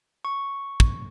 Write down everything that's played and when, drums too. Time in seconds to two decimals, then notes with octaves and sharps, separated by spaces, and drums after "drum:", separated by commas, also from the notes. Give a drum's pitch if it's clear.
0.25 C#6
0.80 drum: kick